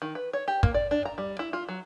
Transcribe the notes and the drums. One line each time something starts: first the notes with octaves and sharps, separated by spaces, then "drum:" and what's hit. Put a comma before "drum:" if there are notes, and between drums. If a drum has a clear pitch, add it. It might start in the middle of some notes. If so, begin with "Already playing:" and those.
D#3
B4
C#5
G4
A#3, drum: kick
D5
D4
A#5
G3
E4
F4
F#3